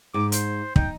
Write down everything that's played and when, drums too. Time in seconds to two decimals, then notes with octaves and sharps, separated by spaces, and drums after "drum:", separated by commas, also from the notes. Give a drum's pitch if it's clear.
0.14 G#2 D6
0.32 C5, drum: hi-hat
0.76 D#4 G5, drum: kick